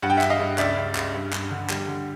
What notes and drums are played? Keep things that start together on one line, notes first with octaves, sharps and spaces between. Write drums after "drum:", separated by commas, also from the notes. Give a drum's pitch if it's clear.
G2 F#5
G5
E5 F#5
G2, drum: clap
D#5 F5
G2
C#2 D5 E5, drum: clap
C#2
C#2, drum: clap
G2
G2, drum: clap
D3
G3, drum: clap
D3